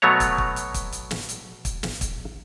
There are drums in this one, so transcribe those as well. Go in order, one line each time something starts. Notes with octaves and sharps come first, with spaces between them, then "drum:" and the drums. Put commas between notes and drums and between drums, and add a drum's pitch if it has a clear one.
B2 F#3 A3 B3 C#5 A#5
drum: kick, hi-hat
drum: kick
drum: hi-hat
drum: kick, hi-hat
drum: hi-hat
drum: snare
drum: hi-hat
drum: kick, hi-hat
drum: snare
drum: kick, hi-hat